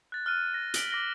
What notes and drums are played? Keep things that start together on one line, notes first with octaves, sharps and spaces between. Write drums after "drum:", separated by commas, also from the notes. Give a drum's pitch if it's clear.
F#6 A6
F6 F#6 D#7
A#6
B6 D7 F#7 G7, drum: hi-hat
D6 A#6 G7